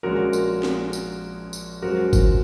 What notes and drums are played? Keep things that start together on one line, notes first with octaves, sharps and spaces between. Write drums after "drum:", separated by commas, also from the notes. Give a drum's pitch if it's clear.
A#1 A#2 G#3 C#4 F#4 A#4
drum: tambourine
drum: snare
drum: tambourine
drum: tambourine
F#2 F3 G#3 F#4 A#4
drum: kick, tambourine